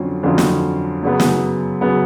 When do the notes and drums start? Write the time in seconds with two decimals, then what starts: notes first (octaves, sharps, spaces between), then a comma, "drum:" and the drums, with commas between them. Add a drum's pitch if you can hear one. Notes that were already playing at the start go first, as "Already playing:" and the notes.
Already playing: F2 D3 F#3 C#4 F4
0.23 F2 D3 F#3 C#4 F4
0.38 drum: snare
1.03 F#2 C#3 F#3 B3
1.20 drum: snare
1.81 C#3 F#3 B3